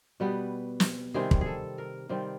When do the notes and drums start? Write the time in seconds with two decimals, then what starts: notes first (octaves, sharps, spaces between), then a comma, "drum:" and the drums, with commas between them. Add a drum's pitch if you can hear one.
0.20 B2 G3 B3
0.80 drum: snare
1.14 C3 D#3 G3 C4 G#4
1.31 drum: kick
1.41 G#4 A4
1.78 A#4
2.09 C3 D#3 G3 C4